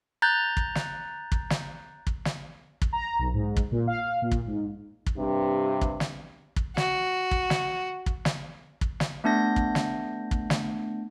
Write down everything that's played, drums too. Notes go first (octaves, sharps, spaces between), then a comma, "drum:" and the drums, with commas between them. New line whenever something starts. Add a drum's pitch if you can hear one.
A#5 F#6 G6 A6
drum: kick
drum: snare
drum: kick
drum: snare
drum: kick
drum: snare
drum: kick
A#5
B1
G#2
drum: kick
A#2
F5
A#2
drum: kick
G#2
drum: kick
G2 C3
drum: kick
drum: snare
drum: kick
F#4, drum: snare
drum: kick
drum: snare
drum: kick
drum: snare
drum: kick
drum: snare
A3 B3 D4 G6 A#6
drum: kick
drum: snare
drum: kick
drum: snare